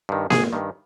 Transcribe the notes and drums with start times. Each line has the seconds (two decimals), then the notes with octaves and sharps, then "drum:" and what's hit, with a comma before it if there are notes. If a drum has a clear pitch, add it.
0.09 G2 D#3
0.30 G#1 G#4, drum: snare A#3
0.53 G2 D#3